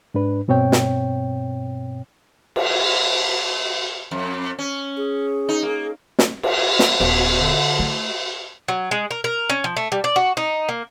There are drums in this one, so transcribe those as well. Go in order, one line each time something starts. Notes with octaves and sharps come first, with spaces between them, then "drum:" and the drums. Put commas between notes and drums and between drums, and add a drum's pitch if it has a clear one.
G#2 D4 B4
G2 B2 C4 C#5 G5
drum: snare
drum: cymbal
F2
C#4
G#4
D#4
A#3
drum: snare
drum: cymbal
drum: snare
D#1 B3, drum: cymbal
D3
A3 E4
F#3
G#3
A#4
A#4
C#4
F3
A3
G3
D5
F#4
D#4
A#3